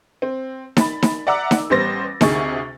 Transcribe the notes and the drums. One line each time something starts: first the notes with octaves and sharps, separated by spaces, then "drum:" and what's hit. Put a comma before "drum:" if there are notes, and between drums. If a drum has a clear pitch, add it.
C4
B5 A6, drum: snare D#4
drum: snare D#4
D5 E5 F#5 A#5 D6 E6
drum: snare D#4
A1 G3 B3 C5 A6 A#6
D2 C3 G#4 D#5 C#6 A6, drum: snare D#4